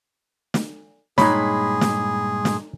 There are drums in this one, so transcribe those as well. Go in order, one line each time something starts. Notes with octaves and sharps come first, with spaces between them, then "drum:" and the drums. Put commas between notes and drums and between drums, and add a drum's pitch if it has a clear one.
drum: snare
G2 A#2 G#3 D#4 G#4 C#5 B5, drum: snare
drum: snare
drum: snare